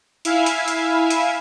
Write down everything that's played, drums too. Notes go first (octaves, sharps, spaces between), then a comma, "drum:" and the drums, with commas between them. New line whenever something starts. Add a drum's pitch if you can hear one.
E4 E5 F5 G#5, drum: hi-hat
drum: hi-hat
drum: hi-hat
drum: hi-hat